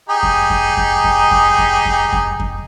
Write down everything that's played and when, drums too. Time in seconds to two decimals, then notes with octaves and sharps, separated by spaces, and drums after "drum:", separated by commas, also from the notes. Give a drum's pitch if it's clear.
0.09 D#4 G4 G#4
0.23 drum: kick F2
0.50 drum: kick F2
0.77 drum: kick F2
1.04 drum: kick F2
1.31 drum: kick F2
1.58 drum: kick F2
1.85 drum: kick F2
2.12 drum: kick F2
2.40 drum: kick F2